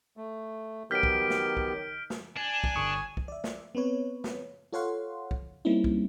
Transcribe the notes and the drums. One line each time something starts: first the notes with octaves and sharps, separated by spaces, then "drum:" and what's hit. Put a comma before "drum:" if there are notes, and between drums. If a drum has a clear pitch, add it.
A3
D#3 F#3 B3 G4 F6 G6 B6 D7
drum: kick
drum: snare
drum: kick
drum: snare
D4 G#5
drum: kick
G1 C#6 D#6
drum: kick
D5 E5
drum: snare
B3 C4 B4 C#5
drum: snare
F4 A4 C#5 F5 F#5 C6
drum: kick
G3 A#3 C4 C#4 D#4 E4
drum: kick